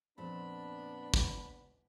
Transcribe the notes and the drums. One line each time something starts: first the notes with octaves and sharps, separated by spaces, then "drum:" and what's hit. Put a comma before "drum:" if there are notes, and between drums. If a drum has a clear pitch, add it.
F2 A#2 B3 D4 A5 B5
drum: kick